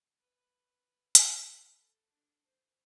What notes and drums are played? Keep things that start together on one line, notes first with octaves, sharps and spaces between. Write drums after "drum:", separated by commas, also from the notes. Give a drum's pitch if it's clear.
B4
drum: hi-hat
B4
A4
D4
C5